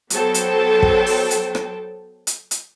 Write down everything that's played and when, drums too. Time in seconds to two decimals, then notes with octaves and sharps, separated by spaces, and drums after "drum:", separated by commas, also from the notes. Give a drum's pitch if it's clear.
0.10 F#3 B3 A4 C5 G5 A5, drum: hi-hat
0.34 drum: hi-hat
0.82 drum: kick
1.07 drum: open hi-hat
1.31 drum: hi-hat
1.55 drum: rim click
2.27 drum: hi-hat
2.51 drum: hi-hat